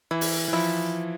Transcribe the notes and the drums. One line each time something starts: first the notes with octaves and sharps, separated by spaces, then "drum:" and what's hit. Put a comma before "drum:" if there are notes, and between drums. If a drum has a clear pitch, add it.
E3 E4
drum: open hi-hat
E3
F3 E4